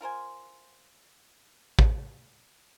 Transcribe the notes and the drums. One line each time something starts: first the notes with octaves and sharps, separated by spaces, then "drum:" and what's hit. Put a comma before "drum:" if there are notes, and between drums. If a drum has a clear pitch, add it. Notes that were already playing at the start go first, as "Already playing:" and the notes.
F4 A#4 C5 G#5
drum: kick A1